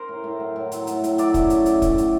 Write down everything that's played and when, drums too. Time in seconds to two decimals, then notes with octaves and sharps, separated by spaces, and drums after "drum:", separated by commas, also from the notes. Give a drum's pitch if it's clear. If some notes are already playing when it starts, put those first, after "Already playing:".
Already playing: A#4 C5
0.09 A2
0.24 A2
0.40 F#3
0.56 A2
0.72 F#3, drum: hi-hat
0.87 A2, drum: hi-hat
1.04 A2, drum: hi-hat
1.18 F#3 D5 E5, drum: hi-hat
1.34 C#4, drum: kick, hi-hat
1.50 A3, drum: hi-hat
1.66 F#3, drum: hi-hat
1.82 A2, drum: kick, hi-hat
1.98 A3, drum: hi-hat